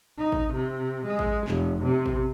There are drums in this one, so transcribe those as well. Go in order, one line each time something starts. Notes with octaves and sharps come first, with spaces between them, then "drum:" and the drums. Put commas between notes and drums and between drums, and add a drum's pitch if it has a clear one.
D#4
drum: kick A1
C3
G#3
drum: kick A1
F1, drum: clap
C3
drum: kick A1